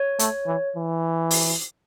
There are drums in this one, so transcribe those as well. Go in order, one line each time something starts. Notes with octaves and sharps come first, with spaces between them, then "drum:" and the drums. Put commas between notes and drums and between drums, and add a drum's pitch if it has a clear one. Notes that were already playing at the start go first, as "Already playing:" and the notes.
Already playing: C#5
A3, drum: hi-hat
E3
E3
drum: open hi-hat